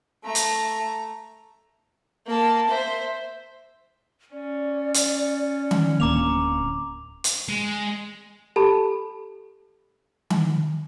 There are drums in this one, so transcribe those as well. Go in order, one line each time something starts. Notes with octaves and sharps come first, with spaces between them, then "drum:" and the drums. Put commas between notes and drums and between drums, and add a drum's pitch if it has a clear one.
A3 A#5
drum: hi-hat
A#3 A5
C5 E5
C#4 D5
drum: hi-hat
drum: tom D#3
D1 A#3 A#5 D6 F7
drum: hi-hat
G#3
G4 A4 A5 B5
drum: tom D#3